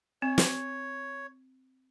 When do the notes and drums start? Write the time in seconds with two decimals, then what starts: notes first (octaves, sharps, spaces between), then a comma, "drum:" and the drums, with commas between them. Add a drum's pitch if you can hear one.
0.22 C4 C#5
0.38 drum: snare